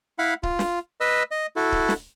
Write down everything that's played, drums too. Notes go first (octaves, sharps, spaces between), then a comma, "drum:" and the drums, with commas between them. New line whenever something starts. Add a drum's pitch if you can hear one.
E4 F5 F#5 B5
F4, drum: kick C#1
drum: snare
B4 D#5 E6
D#5
E4 F#4 A4
drum: kick C#1
drum: snare